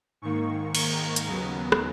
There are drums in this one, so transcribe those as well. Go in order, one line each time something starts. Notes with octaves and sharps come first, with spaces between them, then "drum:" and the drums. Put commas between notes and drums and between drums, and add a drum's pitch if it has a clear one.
G#2 D#3 A#3 C#6
A#5, drum: cymbal
drum: hi-hat
D#2 C#3 F#3 B3
drum: rim click